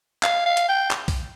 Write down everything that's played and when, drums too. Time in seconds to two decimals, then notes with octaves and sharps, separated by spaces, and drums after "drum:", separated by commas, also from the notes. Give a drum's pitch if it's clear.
0.23 F5, drum: clap
0.46 F5
0.57 drum: hi-hat
0.69 G5
0.91 drum: clap
1.08 drum: kick B1, open hi-hat